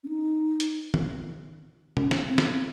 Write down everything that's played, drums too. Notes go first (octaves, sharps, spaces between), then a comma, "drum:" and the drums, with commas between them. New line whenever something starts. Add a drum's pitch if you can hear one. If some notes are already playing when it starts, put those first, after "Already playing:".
C#4
D#4
drum: hi-hat
drum: tom D#3
C#4, drum: tom
drum: snare
C4
drum: snare